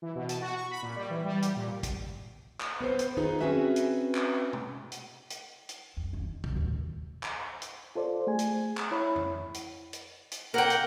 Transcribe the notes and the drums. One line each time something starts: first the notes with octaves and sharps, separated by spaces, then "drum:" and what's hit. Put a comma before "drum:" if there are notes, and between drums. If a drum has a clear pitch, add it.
E3
B2
A5, drum: hi-hat
F#4
C#6
B5
A#2
G3
E3
G3
G4, drum: hi-hat
A#2
drum: kick, hi-hat
drum: clap
B3 B4 C5
drum: hi-hat
D#3 D#4 F4 G#4 B4
C4 C#4 F#4 G#4 B4 E5
drum: hi-hat
drum: clap
drum: tom
drum: hi-hat
drum: hi-hat
drum: hi-hat
F2
D#3
C#3, drum: kick
D#2 A2
drum: clap
drum: hi-hat
F4 A4 C5 D5
A3 G#4 G#5
drum: hi-hat
drum: clap
E4 C#5 B5
drum: tom F2
drum: hi-hat
drum: hi-hat
drum: hi-hat
A#3 A#4 F#5 G5
drum: hi-hat